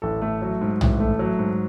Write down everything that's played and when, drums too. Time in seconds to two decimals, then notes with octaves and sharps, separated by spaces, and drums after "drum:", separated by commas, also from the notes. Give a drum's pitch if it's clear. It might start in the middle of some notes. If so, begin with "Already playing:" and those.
0.02 A1 A4
0.22 A3
0.42 F#3
0.61 G#2
0.81 A1, drum: tom
1.00 A3
1.19 F#3
1.39 G#2